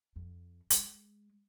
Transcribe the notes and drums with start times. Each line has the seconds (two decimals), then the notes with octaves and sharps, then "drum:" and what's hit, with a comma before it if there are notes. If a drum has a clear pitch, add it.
0.16 F2
0.70 G#3, drum: hi-hat